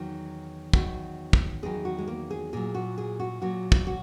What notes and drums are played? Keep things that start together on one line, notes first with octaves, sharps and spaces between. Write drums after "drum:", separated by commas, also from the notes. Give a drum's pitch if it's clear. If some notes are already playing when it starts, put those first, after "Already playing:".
Already playing: E2 D#3 F#3 D#4
E2 D#3 F#3 F#4, drum: kick
drum: kick
E2 D#3 F#3 G#4
F#4
G#3
A#3
G#4
A#2 F#3 G#4
F#4
G#4
F#4
A#2 F#3 F#4
drum: kick
F#4